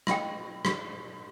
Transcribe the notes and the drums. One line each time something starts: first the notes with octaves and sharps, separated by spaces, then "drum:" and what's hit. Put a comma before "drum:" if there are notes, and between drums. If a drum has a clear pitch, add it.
D#5 F5 G5, drum: rim click
drum: rim click